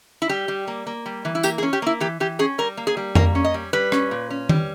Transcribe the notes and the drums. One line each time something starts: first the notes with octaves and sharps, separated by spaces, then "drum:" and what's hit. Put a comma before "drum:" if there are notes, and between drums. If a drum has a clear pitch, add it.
E4
G3 G4
G3
A#3
A#3
G3
E3
E4
A#3 G4, drum: tambourine
G#4
C#4
G4
A#3 E4
E3 G4
E3 G4
C#4 G#4
G3 A#4
A#3
G#4
G3
A#3 A#4, drum: tom F2
C#4
D#5
G3
G3 B4
C#4, drum: rim click
A#2
C#4
G3, drum: tom D#3